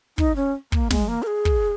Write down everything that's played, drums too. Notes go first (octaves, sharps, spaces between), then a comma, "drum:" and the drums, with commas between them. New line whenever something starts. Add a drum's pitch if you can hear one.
D#4, drum: kick
C#4
A#3, drum: kick
G#3, drum: snare
A#3
A#4
G#4
drum: kick